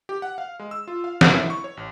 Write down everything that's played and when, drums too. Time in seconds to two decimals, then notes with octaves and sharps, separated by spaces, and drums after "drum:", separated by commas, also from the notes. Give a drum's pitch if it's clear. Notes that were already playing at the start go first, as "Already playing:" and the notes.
0.09 G4
0.22 F#5
0.38 F5
0.60 G#3
0.71 E6
0.88 F4
1.04 F5
1.21 G#1, drum: snare
1.35 E4
1.50 C#6
1.64 C#5
1.77 A1